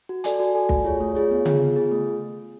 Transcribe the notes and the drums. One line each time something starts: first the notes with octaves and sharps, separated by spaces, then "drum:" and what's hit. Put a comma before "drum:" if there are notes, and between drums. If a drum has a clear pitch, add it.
F#4
A4 D5 G#5, drum: hi-hat
F#4
A4 D5 G#5
A3, drum: kick
F4 G#4 C#5
A3
F4 G#4 C#5
B3
F4 G#4, drum: tom C#3
B3
F4 G#4
A3